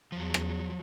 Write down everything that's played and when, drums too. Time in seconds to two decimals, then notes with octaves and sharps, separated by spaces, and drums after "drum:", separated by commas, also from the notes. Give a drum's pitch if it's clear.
0.12 E2 F3 F#3
0.34 drum: rim click